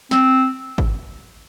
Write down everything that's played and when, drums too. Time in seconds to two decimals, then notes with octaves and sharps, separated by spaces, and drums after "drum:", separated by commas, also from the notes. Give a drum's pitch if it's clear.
0.11 C4, drum: snare
0.78 drum: kick G#1